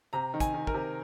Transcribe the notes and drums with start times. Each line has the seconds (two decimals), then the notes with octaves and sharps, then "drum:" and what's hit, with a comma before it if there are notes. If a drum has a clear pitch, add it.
0.13 C3 A#5
0.34 D#3
0.40 G#5, drum: kick, hi-hat
0.54 D#3
0.67 A#4, drum: kick
0.74 C3